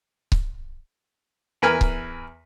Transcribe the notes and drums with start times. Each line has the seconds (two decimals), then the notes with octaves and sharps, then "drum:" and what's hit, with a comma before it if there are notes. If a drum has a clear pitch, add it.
0.32 drum: kick C#1
1.62 E2 A#4 B4 G#5 F6
1.81 drum: kick C#1